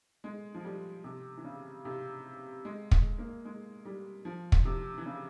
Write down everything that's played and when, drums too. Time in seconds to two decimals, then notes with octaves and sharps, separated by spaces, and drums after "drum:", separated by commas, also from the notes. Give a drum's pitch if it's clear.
0.24 G#3
0.54 F3
0.64 G3
1.04 C3
1.37 E3
1.44 C#3
1.85 C3
2.65 G#3
2.91 G#3, drum: kick
3.19 A#3
3.45 G#3
3.85 G3
4.25 F3
4.52 drum: kick
4.65 C3
4.98 E3
5.06 C#3